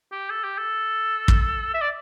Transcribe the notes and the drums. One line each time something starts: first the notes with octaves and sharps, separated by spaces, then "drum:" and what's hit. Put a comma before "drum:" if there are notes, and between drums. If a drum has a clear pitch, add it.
G4
A4
G4
A4
drum: kick
E5
D5